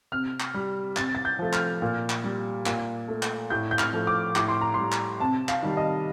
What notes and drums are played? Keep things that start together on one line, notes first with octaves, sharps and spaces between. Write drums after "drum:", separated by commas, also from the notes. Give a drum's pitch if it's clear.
C3 F6
drum: clap
G3
C3 A6, drum: clap
A6
G6
F3 A3
F6, drum: clap
A#2
drum: clap
G3
A#2, drum: clap
A3
drum: clap
A2 G6
G6
F6, drum: clap
F3 A3
D6
A2 D6, drum: clap
C6
A#5
G3 C6
drum: clap
C3 A5
F5, drum: clap
D#3 G3
D#5